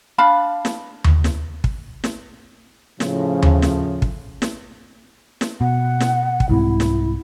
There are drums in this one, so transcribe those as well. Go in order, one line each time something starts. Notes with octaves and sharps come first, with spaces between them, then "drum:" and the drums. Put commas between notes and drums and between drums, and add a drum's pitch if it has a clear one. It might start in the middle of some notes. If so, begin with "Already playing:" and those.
D4 F5 A5 B5
drum: snare
drum: tom D#2
drum: snare
drum: kick
drum: snare
A2 C#3 F3, drum: snare
drum: tom D#2
drum: snare
drum: kick
drum: snare
drum: snare
B2 F#5
drum: snare
drum: kick
C2 G#2 C3 E4
drum: snare